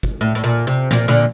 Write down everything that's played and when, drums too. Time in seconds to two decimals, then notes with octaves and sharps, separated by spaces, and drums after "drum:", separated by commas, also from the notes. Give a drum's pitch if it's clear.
0.03 drum: kick
0.21 A2
0.35 A2
0.44 A#2
0.67 C3
0.91 A#2, drum: snare
1.08 A#2 D3